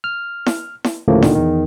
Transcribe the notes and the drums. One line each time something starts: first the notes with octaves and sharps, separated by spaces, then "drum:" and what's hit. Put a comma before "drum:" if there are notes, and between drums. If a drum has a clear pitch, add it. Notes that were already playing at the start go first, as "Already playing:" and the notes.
F6
drum: snare E4
drum: snare E4
D2 A2 C#3 F3 A3 A#3
A#2 D3 D#3, drum: snare E4
E2 D#3